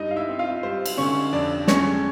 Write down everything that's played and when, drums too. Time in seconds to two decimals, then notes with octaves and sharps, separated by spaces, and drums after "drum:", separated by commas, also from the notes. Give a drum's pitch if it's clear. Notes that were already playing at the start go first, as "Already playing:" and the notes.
Already playing: G2 D#4 D#5
0.11 F5
0.16 E4 E5
0.28 C4
0.39 F4 F5
0.63 G3 C5
0.86 drum: cymbal
0.97 D3 C#4 C#5
1.33 F2 D4 D5
1.67 G#3 C#4 C#5, drum: snare